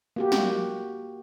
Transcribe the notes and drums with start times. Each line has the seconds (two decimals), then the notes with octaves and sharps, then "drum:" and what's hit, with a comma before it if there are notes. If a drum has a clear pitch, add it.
0.16 A#3 F#4 G4
0.32 drum: snare